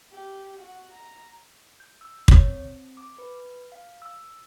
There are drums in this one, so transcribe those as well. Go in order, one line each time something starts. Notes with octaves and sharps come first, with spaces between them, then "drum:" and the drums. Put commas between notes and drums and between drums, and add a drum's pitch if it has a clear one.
G4
F#4
A#5
G6
E6
C#5, drum: kick
C4
D6
B4
F5
E6